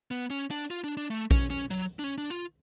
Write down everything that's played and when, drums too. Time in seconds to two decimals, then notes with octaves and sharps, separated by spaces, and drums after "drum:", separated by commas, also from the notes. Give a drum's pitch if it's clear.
0.11 B3
0.30 C#4
0.51 D4, drum: hi-hat
0.70 F4
0.84 D4
0.97 D4
1.10 A3
1.31 C#4, drum: kick A#1, hi-hat
1.50 C#4
1.70 F#3, drum: hi-hat
1.99 D4
2.04 C#4
2.18 D4
2.30 F4